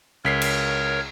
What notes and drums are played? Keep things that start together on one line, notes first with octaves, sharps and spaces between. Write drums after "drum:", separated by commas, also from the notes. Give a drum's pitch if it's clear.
C#2 A#4 C#5 B6 C7
drum: cymbal